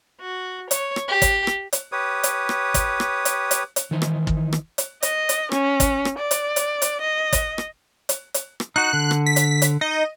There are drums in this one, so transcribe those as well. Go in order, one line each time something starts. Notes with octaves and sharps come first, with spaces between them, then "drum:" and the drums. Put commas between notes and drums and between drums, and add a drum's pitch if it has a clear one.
F#4
C#5, drum: hi-hat
drum: rim click
G4
drum: kick, hi-hat
drum: rim click
drum: hi-hat
G4 B4 C#5 D#6
drum: hi-hat
drum: rim click
drum: kick, hi-hat
drum: rim click
drum: hi-hat
drum: hi-hat
drum: hi-hat
D#3 E3 D#4 E4 C5
drum: rim click
drum: kick
drum: rim click
drum: hi-hat
D#5, drum: hi-hat
drum: hi-hat
C#4, drum: rim click
drum: kick, hi-hat
drum: rim click
D5
drum: hi-hat
drum: hi-hat
drum: hi-hat
D#5
drum: kick, hi-hat
drum: rim click
drum: hi-hat
drum: hi-hat
drum: rim click
D#4 F#4 F#6
D3
drum: rim click
B6
drum: hi-hat
drum: hi-hat
D#4 D#5